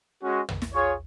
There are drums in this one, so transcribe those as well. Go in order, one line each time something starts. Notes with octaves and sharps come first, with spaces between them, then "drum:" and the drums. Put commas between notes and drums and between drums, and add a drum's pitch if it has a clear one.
G#3 C#4 F#4
drum: tom
drum: snare
F4 G#4 C#5